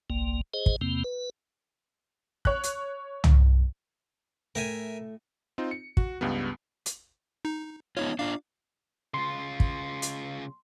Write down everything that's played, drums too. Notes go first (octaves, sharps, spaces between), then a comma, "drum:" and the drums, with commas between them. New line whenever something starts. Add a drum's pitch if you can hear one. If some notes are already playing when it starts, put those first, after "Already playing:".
G1 C2 A#3
G#4 C5 D#5
drum: kick
E2 C3 A#3 C4
B4
C#5 F#6, drum: kick
drum: hi-hat
drum: tom
A2 A3 A#4 E5 G5 G#5
C4 D#4 F4
C#7
F#4, drum: kick
C#2 G2 G3 B3
drum: hi-hat
D#4
B3 D#4 F4 C#5
D4 F4 F5
C#3 F4 C6
drum: kick
drum: hi-hat